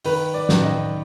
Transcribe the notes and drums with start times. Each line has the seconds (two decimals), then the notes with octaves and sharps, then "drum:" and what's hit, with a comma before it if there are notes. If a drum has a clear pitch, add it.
0.05 D#3 B4, drum: open hi-hat
0.34 D5
0.49 D#3, drum: snare
0.63 D#5